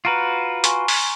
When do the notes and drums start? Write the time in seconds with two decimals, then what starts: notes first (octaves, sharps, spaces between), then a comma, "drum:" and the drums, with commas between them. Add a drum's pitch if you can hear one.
0.05 F4 F#4 B4 A#5 F6 D7
0.64 G#5 C6 C#6, drum: hi-hat
0.88 drum: open hi-hat